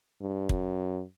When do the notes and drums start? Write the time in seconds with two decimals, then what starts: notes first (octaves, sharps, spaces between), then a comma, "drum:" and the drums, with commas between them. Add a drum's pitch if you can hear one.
0.21 G2
0.49 F#2, drum: kick